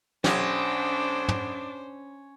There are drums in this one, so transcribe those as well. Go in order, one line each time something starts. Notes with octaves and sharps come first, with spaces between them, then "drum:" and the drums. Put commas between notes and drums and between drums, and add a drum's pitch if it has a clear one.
B1 C#4 D4 G4 C5, drum: snare
drum: tom